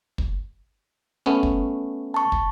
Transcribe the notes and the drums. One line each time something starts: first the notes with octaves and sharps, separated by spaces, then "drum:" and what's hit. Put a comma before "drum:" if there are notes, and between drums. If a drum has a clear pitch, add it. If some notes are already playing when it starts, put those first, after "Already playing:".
drum: kick
A3 B3 C#4
drum: kick
A5 C#6
drum: kick